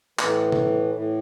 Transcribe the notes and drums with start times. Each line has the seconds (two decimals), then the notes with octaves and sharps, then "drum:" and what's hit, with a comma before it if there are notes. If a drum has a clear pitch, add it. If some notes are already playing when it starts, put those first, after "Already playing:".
0.19 A2 E3, drum: clap
0.52 drum: tom
0.95 A2 E3